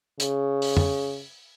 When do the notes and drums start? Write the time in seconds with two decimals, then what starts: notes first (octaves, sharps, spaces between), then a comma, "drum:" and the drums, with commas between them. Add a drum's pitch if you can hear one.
0.20 C#3, drum: hi-hat
0.62 drum: open hi-hat
0.77 drum: tom F2